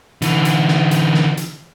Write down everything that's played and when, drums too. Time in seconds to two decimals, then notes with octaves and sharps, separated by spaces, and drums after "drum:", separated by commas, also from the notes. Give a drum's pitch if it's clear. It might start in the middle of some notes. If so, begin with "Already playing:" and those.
0.22 D3 E3, drum: hi-hat
0.45 drum: hi-hat
0.68 drum: snare
0.91 drum: hi-hat
1.14 drum: snare
1.37 drum: hi-hat